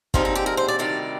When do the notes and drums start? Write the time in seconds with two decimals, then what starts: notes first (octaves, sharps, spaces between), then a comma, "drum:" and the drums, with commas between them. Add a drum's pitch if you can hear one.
0.14 D#2 D3 G#3 C4 D#4 F4, drum: kick
0.25 D#4
0.35 G4
0.46 A#4
0.57 C5
0.68 D5
0.79 D2 C3 D#3 G3 D5